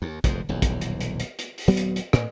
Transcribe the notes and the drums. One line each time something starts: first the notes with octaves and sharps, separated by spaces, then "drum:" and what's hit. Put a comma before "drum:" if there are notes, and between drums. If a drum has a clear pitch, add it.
D#2
F1 F2 G#2, drum: kick, hi-hat
D#1 B1 E2
drum: kick, hi-hat
drum: hi-hat
drum: hi-hat
drum: hi-hat
drum: hi-hat
drum: open hi-hat
D#1 G2 F#3 B3
drum: hi-hat
drum: hi-hat
A2, drum: rim click